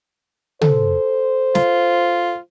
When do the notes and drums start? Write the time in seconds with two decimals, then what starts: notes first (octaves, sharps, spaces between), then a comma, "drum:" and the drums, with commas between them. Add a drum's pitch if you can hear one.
0.61 A4 C5, drum: tom
1.55 F4, drum: snare